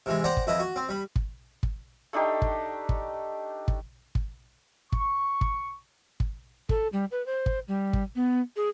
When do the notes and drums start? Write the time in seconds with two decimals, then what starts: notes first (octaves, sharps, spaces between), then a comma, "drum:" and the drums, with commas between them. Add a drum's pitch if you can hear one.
0.06 C3 E3 G#3
0.24 C5 D5 F#5 G5 A#5
0.37 drum: kick
0.47 F2 E4 B4 D#5
0.60 F#4
0.76 C4
0.89 G3 B5
1.16 drum: kick
1.63 drum: kick
2.13 A3 D4 D#4 G4
2.42 drum: kick
2.89 drum: kick
3.68 drum: kick
4.15 drum: kick
4.92 C#6, drum: kick
5.41 drum: kick
6.20 drum: kick
6.69 A4, drum: kick
6.92 G3
7.11 B4
7.26 C5
7.46 drum: kick
7.68 G3
7.93 drum: kick
8.15 B3
8.56 G#4